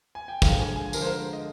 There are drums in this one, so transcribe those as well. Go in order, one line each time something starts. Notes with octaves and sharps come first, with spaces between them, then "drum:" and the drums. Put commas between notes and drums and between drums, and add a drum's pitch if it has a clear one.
G#5
G5
D3 F3 G#3 F5, drum: kick, tambourine
G#5
G#5
D3 F3 G#3 A#4, drum: tambourine
C5
A#4
D#5